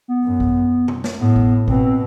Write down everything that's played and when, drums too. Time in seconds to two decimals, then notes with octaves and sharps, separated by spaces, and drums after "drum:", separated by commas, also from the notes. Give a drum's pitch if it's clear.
0.08 B3
0.25 F#2
0.40 drum: kick G#1
0.88 drum: tom B2
1.04 drum: snare
1.20 A2 B3
1.36 drum: kick G#1
1.68 B2 C4, drum: kick G#1
1.83 C4